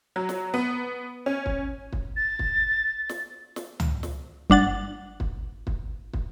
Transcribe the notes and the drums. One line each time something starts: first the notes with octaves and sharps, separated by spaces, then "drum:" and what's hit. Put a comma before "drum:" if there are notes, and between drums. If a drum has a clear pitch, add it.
F#3
drum: snare
B3
C#4
drum: kick
drum: kick
A6
drum: kick
drum: snare
drum: snare
drum: tom C#2
drum: snare
G1 D4 F#5 A6
drum: kick
drum: kick
drum: kick